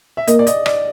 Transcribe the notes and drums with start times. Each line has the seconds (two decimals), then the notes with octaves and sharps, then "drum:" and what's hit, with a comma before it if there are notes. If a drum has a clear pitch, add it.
0.17 E5
0.27 A#3 D#5, drum: hi-hat
0.39 D5
0.47 D#5, drum: hi-hat
0.66 D5, drum: rim click